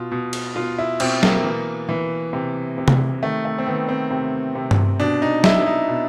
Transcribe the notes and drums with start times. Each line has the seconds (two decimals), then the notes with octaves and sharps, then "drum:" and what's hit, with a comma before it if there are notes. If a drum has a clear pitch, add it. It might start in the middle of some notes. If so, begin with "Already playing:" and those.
Already playing: B2 F4
0.12 B2
0.33 drum: cymbal
0.56 B2 F4
0.78 E4
1.00 B2 C4, drum: cymbal
1.23 A#3, drum: snare
1.44 E3
1.89 E3
2.33 C3
2.78 C3
2.88 drum: tom C3
3.22 D#3 A3
3.45 A3
3.58 C4
3.66 D#3 B3
3.89 C4
4.11 C3
4.55 C3
4.71 drum: tom G2
5.00 B2 D4
5.22 D#4
5.44 B2 E4, drum: snare
5.66 D#4
5.88 B2